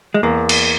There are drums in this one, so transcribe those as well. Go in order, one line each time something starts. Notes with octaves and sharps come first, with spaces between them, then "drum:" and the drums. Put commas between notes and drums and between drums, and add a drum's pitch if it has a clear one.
G#3
E2 A#3
drum: cymbal